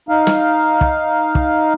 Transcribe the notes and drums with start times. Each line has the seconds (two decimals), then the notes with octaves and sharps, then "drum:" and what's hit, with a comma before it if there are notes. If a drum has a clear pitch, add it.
0.09 D#4 F5
0.27 drum: snare
0.81 drum: kick
1.35 drum: kick